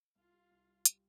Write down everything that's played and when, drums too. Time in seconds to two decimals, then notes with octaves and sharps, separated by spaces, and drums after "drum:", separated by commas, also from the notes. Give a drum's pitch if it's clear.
0.16 C2 F4
0.33 G3
0.51 C2
0.68 G3
0.85 G3, drum: hi-hat